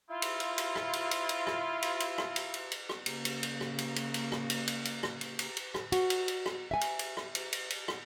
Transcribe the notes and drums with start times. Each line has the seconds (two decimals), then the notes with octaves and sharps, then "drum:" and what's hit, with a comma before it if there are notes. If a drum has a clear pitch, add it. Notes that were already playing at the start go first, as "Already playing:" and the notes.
0.10 E4 F4
0.22 drum: cymbal
0.40 drum: cymbal
0.58 drum: cymbal
0.76 drum: rim click
0.93 drum: cymbal
1.11 drum: cymbal
1.29 drum: cymbal
1.47 drum: rim click
1.82 drum: cymbal
2.00 drum: cymbal
2.18 drum: rim click
2.36 drum: cymbal
2.54 drum: cymbal
2.72 drum: cymbal
2.89 drum: rim click
3.06 C#3 A#3, drum: cymbal
3.25 drum: cymbal
3.43 drum: cymbal
3.61 drum: rim click
3.78 drum: cymbal
3.96 drum: cymbal
4.14 drum: cymbal
4.32 drum: rim click
4.50 drum: cymbal
4.68 drum: cymbal
4.85 drum: cymbal
5.03 drum: rim click
5.21 drum: cymbal
5.39 drum: cymbal
5.57 drum: cymbal
5.74 drum: rim click
5.92 F#4, drum: cymbal
6.10 drum: cymbal
6.28 drum: cymbal
6.46 drum: rim click
6.71 E5 G#5
6.81 drum: cymbal
6.99 drum: cymbal
7.17 drum: rim click
7.35 drum: cymbal
7.53 drum: cymbal
7.70 drum: cymbal
7.88 drum: rim click